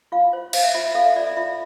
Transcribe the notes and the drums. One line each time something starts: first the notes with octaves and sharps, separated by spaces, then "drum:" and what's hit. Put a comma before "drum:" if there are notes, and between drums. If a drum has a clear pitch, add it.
F4 F5
C5
C5 F5, drum: cymbal
E5
F4 E5
E5
A4 F5
E5
F4 D5
E5
F4 E5